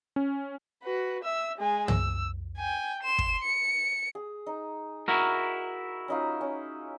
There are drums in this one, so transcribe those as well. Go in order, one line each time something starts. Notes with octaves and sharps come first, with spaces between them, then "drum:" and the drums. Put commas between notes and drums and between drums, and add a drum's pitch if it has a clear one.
C#4
F#4 B4
E5 E6
G#3 G#5
E6, drum: tom
G5 G#5
C6 E7
drum: kick
C#7
G#4
D#4
E4 F#4 A#4
C#4 D#4 F4
C#4